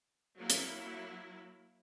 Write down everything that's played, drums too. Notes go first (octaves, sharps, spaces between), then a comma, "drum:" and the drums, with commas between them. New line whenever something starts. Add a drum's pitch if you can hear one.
F#3 A#3 E4
drum: hi-hat